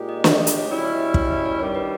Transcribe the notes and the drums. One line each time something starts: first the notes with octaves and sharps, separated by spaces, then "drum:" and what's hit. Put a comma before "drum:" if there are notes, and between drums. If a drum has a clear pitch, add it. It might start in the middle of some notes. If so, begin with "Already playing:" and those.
Already playing: A#2 G#3 D#4 G4
D#5
E5, drum: snare
D#5
D#5, drum: hi-hat
C#5
B2 G3 C#4 E4 D#5
E5
D#5
E5, drum: kick
D#5
C#5
G2 D#3 G3 C#5
B4